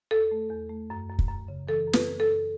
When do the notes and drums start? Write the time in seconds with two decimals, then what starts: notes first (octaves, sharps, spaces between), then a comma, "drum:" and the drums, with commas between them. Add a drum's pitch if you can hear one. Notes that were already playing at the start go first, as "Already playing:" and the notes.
0.11 E2 A4
0.31 A3
0.50 E2
0.69 A3
0.90 F#2
1.10 F#2
1.19 drum: kick
1.28 F#2
1.48 C#3
1.68 E3 A4
1.87 F#2
1.93 B4, drum: snare
2.07 F#2
2.20 A4
2.27 F#2